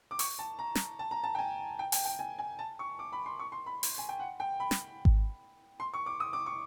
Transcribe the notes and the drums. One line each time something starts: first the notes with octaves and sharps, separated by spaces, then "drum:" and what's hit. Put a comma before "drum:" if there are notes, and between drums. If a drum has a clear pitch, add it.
D6
C#6, drum: open hi-hat
A5
A#5
drum: snare
A5
A#5
A5
G5
G#5
G5
G5, drum: open hi-hat
G5
G#5
G#5
A5
C#6
D6
B5
C6
C#6
C6
B5
drum: open hi-hat
G#5
G5
F#5
G5
B5
drum: snare
drum: kick G#1
C6
C#6
D6
D#6
D6
C#6